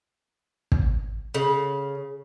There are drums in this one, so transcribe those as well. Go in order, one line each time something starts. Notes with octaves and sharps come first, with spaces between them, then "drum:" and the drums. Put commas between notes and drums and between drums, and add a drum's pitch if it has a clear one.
drum: kick
C#3